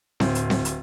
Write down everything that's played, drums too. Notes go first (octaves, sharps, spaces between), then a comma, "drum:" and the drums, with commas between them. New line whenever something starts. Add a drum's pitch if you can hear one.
D1 A2 C4, drum: snare C4
drum: hi-hat
drum: snare C4
drum: hi-hat